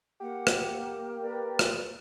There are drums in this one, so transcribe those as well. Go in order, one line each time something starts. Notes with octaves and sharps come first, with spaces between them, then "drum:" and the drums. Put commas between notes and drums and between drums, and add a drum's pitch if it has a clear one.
A#3 G4 F#5
drum: rim click
A#4 B4 D5
drum: rim click